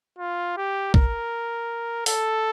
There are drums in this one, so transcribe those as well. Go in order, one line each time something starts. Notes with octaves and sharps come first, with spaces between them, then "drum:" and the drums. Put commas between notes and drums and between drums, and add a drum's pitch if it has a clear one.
F4
G4
A#4, drum: kick
A4, drum: open hi-hat